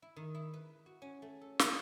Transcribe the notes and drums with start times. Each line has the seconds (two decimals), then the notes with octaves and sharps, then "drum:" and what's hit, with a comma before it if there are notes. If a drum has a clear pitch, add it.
0.02 E4
0.16 D#3
0.34 E4
0.54 B4
0.86 F#4
1.02 C#4
1.22 A3
1.41 A4
1.59 G#5, drum: snare